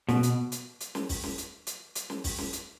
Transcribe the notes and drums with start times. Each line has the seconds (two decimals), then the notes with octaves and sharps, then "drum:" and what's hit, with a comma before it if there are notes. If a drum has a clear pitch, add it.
0.09 B2, drum: snare
0.23 drum: hi-hat
0.52 drum: hi-hat
0.80 drum: hi-hat
0.95 drum: snare
1.09 drum: kick, open hi-hat
1.24 drum: snare
1.38 drum: hi-hat
1.67 drum: hi-hat
1.95 drum: hi-hat
2.10 drum: snare
2.24 drum: kick, open hi-hat
2.38 drum: snare
2.53 drum: hi-hat